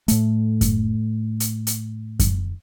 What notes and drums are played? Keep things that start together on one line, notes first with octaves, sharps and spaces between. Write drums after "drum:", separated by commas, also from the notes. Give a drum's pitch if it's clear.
A2 A3, drum: hi-hat
drum: kick F#2, hi-hat
drum: hi-hat
drum: hi-hat
drum: kick F#2, hi-hat